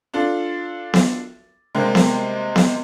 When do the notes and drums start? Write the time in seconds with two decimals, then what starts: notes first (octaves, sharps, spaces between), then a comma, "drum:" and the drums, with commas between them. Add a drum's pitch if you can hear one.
0.14 D4 F4 A4
0.94 drum: snare B3
1.75 C3 G3 G#3 A#3
1.95 drum: snare B3
2.56 drum: snare B3